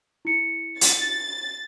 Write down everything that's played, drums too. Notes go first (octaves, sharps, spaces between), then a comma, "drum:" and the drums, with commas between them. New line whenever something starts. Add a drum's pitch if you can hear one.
E4 C#7
A6, drum: hi-hat